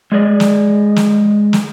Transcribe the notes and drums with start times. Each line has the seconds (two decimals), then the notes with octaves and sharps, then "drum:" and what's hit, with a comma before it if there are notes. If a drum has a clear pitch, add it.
0.12 G#3 G#4 D5 D#5
0.40 drum: snare
0.96 drum: snare
1.53 drum: snare